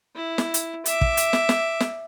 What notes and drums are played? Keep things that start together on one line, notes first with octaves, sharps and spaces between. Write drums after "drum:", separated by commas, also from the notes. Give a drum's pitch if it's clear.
E4
drum: snare
drum: hi-hat
E5 D6, drum: hi-hat
drum: kick
drum: hi-hat
drum: snare
drum: snare
drum: snare